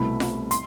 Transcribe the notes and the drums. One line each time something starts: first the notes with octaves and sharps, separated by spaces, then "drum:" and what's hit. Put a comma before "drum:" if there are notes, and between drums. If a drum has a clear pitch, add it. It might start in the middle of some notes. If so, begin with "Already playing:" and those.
Already playing: C2 B2 A3 E4 B5
drum: snare F4
C6, drum: hi-hat